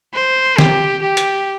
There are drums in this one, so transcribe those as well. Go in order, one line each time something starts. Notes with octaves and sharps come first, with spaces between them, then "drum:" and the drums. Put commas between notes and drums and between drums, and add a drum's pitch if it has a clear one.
C5
G4, drum: snare
G4
drum: hi-hat